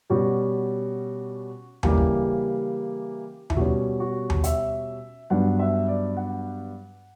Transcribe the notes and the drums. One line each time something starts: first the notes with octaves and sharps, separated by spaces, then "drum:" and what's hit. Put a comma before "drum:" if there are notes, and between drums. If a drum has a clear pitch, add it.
B2 G3 C#4 F#4
C#3 E3 G3 A#3 G4, drum: tom D#2
drum: kick
E4, drum: tom D#2
B2 G3 C#4 F#4
F#4
drum: tom D#2
E5, drum: hi-hat
G2 F#3 B3 D4 F#5
E5
D5
F#5